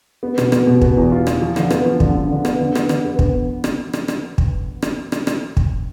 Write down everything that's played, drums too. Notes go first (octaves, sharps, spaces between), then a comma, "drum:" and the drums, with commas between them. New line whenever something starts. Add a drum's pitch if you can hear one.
B3
B2, drum: rim click
B3, drum: rim click
B2
B3, drum: kick
E2
F4
F4, drum: rim click
F3
D3, drum: rim click
B3, drum: rim click
F3
D3, drum: kick
D3
D3
B3, drum: rim click
D3
B3, drum: rim click
D3, drum: rim click
B3
B3, drum: kick
drum: rim click
drum: rim click
drum: rim click
drum: kick
drum: rim click
drum: rim click
drum: rim click
drum: kick